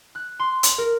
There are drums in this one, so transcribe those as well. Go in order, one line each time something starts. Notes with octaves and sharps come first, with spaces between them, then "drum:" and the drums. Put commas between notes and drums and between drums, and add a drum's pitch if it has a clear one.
F#6
C6
drum: hi-hat
A#4